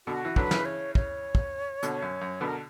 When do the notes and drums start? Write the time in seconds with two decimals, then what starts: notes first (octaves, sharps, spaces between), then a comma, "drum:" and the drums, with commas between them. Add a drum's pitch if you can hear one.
0.07 B2 D3 F#4
0.25 E3
0.36 D3 F#3 B4, drum: kick
0.51 C#3 E3, drum: snare
0.65 C#5
0.95 C#5, drum: kick
1.35 drum: kick
1.83 B2 D3, drum: hi-hat
2.02 F#2
2.21 F#2
2.41 B2 D3 B4
2.48 A#4